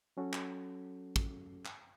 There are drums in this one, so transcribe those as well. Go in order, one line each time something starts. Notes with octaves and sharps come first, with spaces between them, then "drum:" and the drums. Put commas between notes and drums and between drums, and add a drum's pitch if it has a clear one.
F#3 C#4 F#4 A4
drum: clap
drum: kick
drum: clap